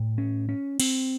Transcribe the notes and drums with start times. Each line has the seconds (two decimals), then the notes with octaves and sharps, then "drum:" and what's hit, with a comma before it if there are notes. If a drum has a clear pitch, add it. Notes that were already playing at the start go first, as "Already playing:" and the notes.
Already playing: A2
0.18 C#4
0.49 C#4
0.80 C4, drum: cymbal